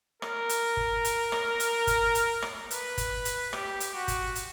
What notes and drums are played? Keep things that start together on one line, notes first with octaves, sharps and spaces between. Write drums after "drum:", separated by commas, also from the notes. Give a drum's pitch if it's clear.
A#4, drum: rim click
drum: hi-hat
drum: kick
drum: hi-hat
drum: rim click
drum: hi-hat
drum: kick, hi-hat
drum: hi-hat
drum: rim click
B4, drum: hi-hat
drum: kick, hi-hat
drum: hi-hat
G4, drum: rim click
drum: hi-hat
F#4
drum: kick, hi-hat
drum: hi-hat